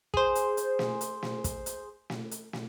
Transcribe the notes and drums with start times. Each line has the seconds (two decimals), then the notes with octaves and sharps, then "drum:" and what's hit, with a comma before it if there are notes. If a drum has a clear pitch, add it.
0.14 G#4 C5, drum: kick
0.35 drum: hi-hat
0.57 drum: hi-hat
0.79 drum: snare
1.01 drum: hi-hat
1.23 drum: snare
1.44 drum: kick, hi-hat
1.66 drum: hi-hat
2.10 drum: snare
2.31 drum: hi-hat
2.53 drum: snare